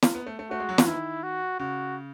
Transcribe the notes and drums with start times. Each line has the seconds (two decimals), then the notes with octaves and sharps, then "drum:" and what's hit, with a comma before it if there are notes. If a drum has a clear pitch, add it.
0.02 drum: snare
0.15 B3
0.26 A3
0.39 A3
0.51 A3 F#4
0.60 G#3
0.69 F#3
0.78 E3, drum: snare
0.87 D#3 E4
1.23 F#4
1.60 C#3 F#4